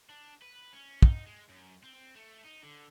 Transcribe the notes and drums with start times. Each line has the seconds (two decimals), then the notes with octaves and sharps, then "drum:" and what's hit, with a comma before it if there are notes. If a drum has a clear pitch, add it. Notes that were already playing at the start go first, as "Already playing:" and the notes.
0.09 D4
0.42 B4
0.73 C#4
1.02 D#4, drum: kick
1.26 G#3
1.49 F#2
1.83 C4
2.15 A3
2.45 D#4
2.63 D3